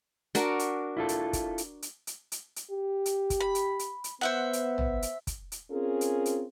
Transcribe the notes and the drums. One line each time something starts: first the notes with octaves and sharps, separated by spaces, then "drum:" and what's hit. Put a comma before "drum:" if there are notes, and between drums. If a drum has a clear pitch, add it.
D4 F#4 A#4, drum: hi-hat
drum: hi-hat
E4 F4 A4
drum: hi-hat
drum: kick, hi-hat
drum: hi-hat
drum: hi-hat
drum: hi-hat
drum: hi-hat
drum: hi-hat
G4
drum: hi-hat
drum: kick, hi-hat
B5
drum: hi-hat
drum: hi-hat
drum: hi-hat
B3 C5 E5 F#5
drum: hi-hat
drum: tom A1
drum: hi-hat
drum: kick, hi-hat
drum: hi-hat
C4 C#4 F4 G#4 A#4
drum: hi-hat
drum: hi-hat